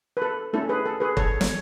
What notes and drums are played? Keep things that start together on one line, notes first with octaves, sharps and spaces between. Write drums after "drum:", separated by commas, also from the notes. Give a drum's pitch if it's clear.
B4
A4
A3 C#4 E4 A4
G#4 B4
A4
G#4 B4
A4 C#5, drum: kick
C#5, drum: snare